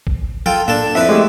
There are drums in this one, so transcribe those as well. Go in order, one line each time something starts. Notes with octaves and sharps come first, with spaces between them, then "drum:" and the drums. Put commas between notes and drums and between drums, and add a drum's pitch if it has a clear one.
drum: kick A1
F4 A4 G5, drum: tom
A#3 D4 A4 A5, drum: tom A2
F2 E4 B4 E5
G#3 A3 G4